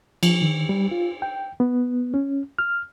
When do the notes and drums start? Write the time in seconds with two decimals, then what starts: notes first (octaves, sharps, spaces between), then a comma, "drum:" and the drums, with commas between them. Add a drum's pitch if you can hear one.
0.23 F3, drum: cymbal
0.42 D#3
0.69 G3
0.91 F4
1.22 G5
1.60 B3
2.14 C#4
2.59 F6